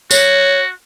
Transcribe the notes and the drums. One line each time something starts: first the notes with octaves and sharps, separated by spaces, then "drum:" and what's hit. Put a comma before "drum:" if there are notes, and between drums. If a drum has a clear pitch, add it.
F#4 C#5, drum: tambourine